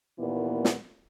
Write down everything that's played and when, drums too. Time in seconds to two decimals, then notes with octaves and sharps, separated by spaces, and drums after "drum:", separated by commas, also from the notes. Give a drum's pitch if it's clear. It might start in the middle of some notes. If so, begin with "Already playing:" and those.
0.19 D#2 A#2 E3 B3
0.65 drum: snare